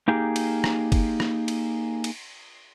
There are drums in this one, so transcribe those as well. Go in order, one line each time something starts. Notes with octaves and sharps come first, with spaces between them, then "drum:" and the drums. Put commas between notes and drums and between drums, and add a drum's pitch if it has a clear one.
A#3 D#4 G4 G#4
drum: cymbal
drum: rim click
drum: kick, cymbal
drum: rim click
drum: cymbal
drum: cymbal